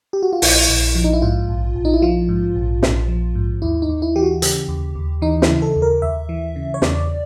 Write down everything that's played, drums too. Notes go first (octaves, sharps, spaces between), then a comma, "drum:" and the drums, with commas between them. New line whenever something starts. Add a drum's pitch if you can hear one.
G4
F#4
F4
A#1 E4, drum: open hi-hat
A#1
F3
D#4
E4
G#2 F4
A#1
A#1
D#4
E4
F3 F4
G#2
A#1
A#1, drum: snare
F3
G#2
D#2 E4
D#4
D#2
E4
E3 G4
F#4
C#3 G4, drum: hi-hat
D#2
D#2
E3 D#4
E4, drum: snare
C#3
A4
D#2
A#4
D#2 E5
E3
C#3
C#5
E2 D5, drum: snare